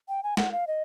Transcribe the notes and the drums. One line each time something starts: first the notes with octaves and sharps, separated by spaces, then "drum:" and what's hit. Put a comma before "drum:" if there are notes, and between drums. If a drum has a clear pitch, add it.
G5
G#5
F#5, drum: snare
F5
D#5